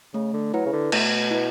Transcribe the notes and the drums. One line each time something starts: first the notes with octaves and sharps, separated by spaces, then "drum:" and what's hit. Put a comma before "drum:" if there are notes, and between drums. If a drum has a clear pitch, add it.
C#3 A3
D3
F#3 E4 B4
C#3
D3
B2 A3, drum: cymbal
E4 B4